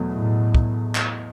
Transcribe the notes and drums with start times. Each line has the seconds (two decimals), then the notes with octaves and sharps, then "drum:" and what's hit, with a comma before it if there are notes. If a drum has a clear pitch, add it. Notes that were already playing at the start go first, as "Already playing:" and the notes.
Already playing: E2 B2 F#3 A3
0.14 A2
0.55 drum: kick
0.95 drum: clap